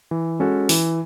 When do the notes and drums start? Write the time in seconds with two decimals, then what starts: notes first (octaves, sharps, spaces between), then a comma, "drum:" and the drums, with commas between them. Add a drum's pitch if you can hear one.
0.11 E3
0.39 G#3 C#4 F#4 A4
0.69 E3, drum: open hi-hat